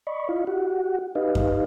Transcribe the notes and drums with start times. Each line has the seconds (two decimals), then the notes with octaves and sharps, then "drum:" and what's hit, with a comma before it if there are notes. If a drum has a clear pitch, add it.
0.07 D5 D#5 B5 C#6
0.29 E4 F4 D#5 F5
0.47 F#4 G4 F#5
1.15 D#4 G4 B4 D#5 F5
1.35 drum: kick F#2